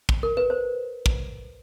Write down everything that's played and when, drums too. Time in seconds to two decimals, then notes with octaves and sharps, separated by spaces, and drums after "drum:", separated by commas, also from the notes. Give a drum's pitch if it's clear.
0.09 drum: kick
0.23 A#4
0.37 B4
0.50 C5
1.06 drum: kick